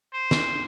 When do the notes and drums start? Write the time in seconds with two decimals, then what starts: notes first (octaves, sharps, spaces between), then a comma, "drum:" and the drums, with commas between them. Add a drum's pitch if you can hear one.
0.14 C5
0.31 drum: snare